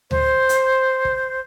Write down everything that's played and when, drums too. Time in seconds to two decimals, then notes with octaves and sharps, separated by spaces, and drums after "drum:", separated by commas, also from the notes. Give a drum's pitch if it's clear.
0.11 C5, drum: tom D2
0.49 drum: hi-hat
1.05 drum: kick